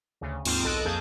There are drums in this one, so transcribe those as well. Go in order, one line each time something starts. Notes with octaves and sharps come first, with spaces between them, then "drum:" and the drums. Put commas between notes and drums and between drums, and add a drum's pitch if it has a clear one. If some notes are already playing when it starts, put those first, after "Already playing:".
D2 C#3
D#2 G#2 C4 F4 E7, drum: cymbal
B1 A4 D#5 F#6 D7
F2 A#3 G#4 A5 G6